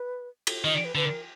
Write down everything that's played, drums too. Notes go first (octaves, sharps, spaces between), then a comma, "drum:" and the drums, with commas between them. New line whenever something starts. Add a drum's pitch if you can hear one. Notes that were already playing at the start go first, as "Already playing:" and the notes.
Already playing: B4
drum: cymbal
D#3 D#5
D5
B4
D3 B4
A#4